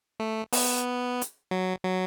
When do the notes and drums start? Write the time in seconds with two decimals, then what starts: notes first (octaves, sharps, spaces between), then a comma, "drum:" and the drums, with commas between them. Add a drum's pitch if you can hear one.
0.20 A3
0.53 B3, drum: open hi-hat
1.21 drum: hi-hat
1.51 F#3
1.83 F#3